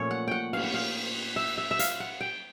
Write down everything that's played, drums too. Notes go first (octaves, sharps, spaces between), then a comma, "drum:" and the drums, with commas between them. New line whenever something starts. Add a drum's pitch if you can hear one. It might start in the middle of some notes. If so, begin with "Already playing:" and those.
Already playing: A#2 F3 A3 C#4 C#5
F#5
F#5 G5
F5, drum: cymbal
F#5
F5
E5
E5
E5
F5, drum: hi-hat
F#5
G5